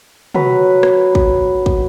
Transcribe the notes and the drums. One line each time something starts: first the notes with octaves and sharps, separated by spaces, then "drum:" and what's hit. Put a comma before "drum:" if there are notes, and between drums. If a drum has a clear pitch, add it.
F#3 B4, drum: tom
drum: rim click
drum: kick
drum: kick